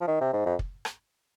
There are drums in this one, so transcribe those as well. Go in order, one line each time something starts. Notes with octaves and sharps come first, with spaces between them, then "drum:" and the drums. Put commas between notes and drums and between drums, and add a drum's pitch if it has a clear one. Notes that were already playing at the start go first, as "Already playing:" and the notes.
F3
D#3
C3
G#2
F2
drum: kick
drum: rim click